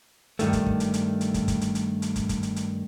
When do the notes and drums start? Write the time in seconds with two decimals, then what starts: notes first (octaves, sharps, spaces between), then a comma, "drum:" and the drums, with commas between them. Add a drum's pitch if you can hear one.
0.39 G2 D#3 A3, drum: hi-hat
0.53 drum: kick, hi-hat
0.66 drum: kick
0.80 drum: hi-hat
0.94 drum: hi-hat
1.21 drum: hi-hat
1.34 drum: kick, hi-hat
1.48 drum: kick, hi-hat
1.61 drum: hi-hat
1.75 drum: hi-hat
2.02 drum: hi-hat
2.16 drum: kick, hi-hat
2.29 drum: kick, hi-hat
2.43 drum: hi-hat
2.56 drum: hi-hat